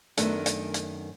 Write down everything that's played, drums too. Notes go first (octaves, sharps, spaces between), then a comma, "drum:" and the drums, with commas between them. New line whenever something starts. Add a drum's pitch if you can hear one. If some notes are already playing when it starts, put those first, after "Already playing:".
F#2 D#3 A3 B3 D4, drum: hi-hat
drum: hi-hat
drum: hi-hat